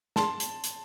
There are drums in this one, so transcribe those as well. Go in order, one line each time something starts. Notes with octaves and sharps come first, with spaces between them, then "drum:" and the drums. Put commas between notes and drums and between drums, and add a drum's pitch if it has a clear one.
A5 C6, drum: snare
drum: hi-hat
drum: hi-hat